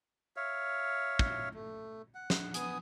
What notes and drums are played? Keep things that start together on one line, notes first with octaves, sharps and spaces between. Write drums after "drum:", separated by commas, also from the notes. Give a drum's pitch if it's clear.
C#5 E5 F5
drum: kick
A3
F#5
drum: snare
B3 G#5 D#6, drum: hi-hat